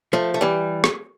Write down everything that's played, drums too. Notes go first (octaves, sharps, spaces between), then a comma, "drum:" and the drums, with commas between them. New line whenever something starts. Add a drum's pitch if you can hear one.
F3 A3
A3
E3 G3
drum: rim click